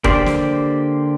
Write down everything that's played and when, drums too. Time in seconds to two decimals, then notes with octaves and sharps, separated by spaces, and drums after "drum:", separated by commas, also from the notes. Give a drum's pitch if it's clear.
0.04 D3 A#3 G4 C5 D5, drum: kick
0.26 drum: snare